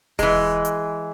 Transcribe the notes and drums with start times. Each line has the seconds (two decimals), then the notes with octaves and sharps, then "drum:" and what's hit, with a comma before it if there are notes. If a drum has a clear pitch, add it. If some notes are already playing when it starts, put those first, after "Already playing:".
0.19 E3 G#3, drum: kick E1, open hi-hat
0.65 drum: hi-hat